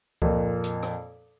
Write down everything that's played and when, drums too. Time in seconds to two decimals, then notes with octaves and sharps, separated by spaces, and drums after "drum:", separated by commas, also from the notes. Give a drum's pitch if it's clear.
0.22 F2 A#2, drum: kick C#2
0.64 drum: hi-hat
0.83 drum: rim click